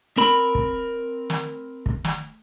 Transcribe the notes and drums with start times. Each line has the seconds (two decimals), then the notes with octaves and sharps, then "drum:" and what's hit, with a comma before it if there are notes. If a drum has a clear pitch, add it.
0.17 C4 A#4 B5
0.55 drum: kick
1.30 drum: snare
1.86 drum: kick
2.04 drum: snare